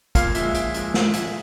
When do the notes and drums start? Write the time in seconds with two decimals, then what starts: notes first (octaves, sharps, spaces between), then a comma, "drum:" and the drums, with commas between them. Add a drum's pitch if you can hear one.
0.15 A#2 F5, drum: kick, hi-hat
0.35 F3 G#3 E5, drum: hi-hat
0.54 A#2, drum: hi-hat
0.74 F3 G#3, drum: hi-hat
0.94 A#2, drum: snare
1.13 F3 G#3, drum: hi-hat